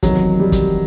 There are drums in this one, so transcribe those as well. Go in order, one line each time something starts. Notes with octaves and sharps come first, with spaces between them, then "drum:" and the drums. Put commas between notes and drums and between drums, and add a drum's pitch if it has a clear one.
E2 C3 D#3 F#3, drum: kick, hi-hat
G3
drum: kick, hi-hat